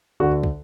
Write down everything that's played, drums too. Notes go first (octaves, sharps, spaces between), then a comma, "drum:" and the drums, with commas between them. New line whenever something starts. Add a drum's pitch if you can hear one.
D2 D3 F#4
drum: kick